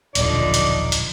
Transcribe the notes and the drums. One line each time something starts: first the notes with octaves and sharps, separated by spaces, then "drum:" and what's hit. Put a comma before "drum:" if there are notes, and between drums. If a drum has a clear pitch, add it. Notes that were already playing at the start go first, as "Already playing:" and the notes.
D#1 B1 D3 F3 D#4 D5, drum: hi-hat
drum: hi-hat
drum: hi-hat